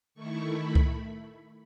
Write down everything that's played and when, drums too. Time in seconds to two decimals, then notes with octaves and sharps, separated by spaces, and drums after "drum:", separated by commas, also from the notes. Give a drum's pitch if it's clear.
0.14 D#3 A3 E4 C#6
0.47 B5
0.75 drum: kick C#2